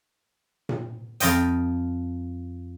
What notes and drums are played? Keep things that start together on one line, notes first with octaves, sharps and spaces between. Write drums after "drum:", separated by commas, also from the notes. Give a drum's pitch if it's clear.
drum: tom A#2
F2 F4 D#5 G5, drum: hi-hat